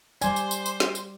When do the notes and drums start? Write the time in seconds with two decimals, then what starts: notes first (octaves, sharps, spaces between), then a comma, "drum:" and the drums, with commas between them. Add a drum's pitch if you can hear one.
0.21 G3 C5 D5 G#5, drum: tambourine
0.36 drum: tambourine
0.51 drum: tambourine
0.66 drum: tambourine
0.80 drum: snare
0.95 drum: tambourine